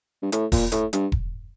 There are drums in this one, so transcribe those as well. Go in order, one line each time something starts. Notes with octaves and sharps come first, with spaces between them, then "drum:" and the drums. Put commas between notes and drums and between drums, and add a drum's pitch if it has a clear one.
G2
A2, drum: hi-hat
A#2, drum: kick E1, open hi-hat
A2, drum: hi-hat
G2, drum: hi-hat
drum: kick E1